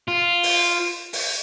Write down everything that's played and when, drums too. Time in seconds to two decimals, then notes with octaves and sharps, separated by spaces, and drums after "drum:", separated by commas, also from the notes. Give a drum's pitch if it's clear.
0.08 F4
0.43 drum: open hi-hat
1.13 drum: open hi-hat